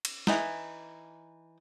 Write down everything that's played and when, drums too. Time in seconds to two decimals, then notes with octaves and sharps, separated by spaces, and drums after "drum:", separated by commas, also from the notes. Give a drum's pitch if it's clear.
0.05 drum: cymbal
0.27 E3 D#4, drum: snare